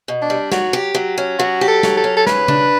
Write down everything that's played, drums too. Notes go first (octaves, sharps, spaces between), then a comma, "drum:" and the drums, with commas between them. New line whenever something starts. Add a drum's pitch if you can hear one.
B2
D4
G3
F#3 F#4, drum: snare
G4
F#3
C#4
F#3 F#4
G4
A4
F#3, drum: snare
A4
C#4
A4
C#3 B4, drum: snare
D4, drum: tom C#3